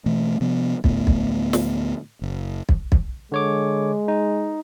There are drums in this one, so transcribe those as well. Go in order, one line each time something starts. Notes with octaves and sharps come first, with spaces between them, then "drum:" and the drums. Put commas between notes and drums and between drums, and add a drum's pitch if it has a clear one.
B2 E3 A3
C3 F3 B3
D2 A2 B3, drum: kick
drum: kick
drum: snare
F#1
drum: kick
drum: kick
D3 G#3 C#5 D6
D#4